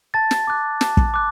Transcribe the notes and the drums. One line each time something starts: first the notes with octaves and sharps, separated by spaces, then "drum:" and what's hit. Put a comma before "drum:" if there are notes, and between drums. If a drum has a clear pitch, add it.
A5 A6
drum: snare
D6 F#6
A5, drum: snare
drum: kick
D6 F#6